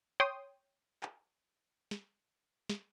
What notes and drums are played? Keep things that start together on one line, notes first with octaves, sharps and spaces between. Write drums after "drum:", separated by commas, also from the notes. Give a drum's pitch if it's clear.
C#5 G5 C6 D#6
drum: clap
drum: snare
drum: snare